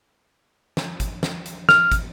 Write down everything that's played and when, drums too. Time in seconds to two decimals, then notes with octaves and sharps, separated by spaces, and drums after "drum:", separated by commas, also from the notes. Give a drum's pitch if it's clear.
0.77 drum: snare
1.00 drum: kick, hi-hat
1.23 drum: snare
1.46 drum: hi-hat
1.69 F6, drum: snare
1.92 drum: kick, hi-hat